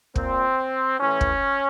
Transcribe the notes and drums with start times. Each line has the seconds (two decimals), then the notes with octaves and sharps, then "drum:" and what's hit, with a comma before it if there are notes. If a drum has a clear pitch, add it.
0.16 A#2 C4, drum: kick
1.00 A2 E3 C#4
1.21 drum: kick